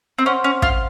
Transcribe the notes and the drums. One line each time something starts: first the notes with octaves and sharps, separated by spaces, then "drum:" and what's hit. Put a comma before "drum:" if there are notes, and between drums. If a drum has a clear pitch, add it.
C4
C#4 C5 F#5 C6
C#4
F4, drum: kick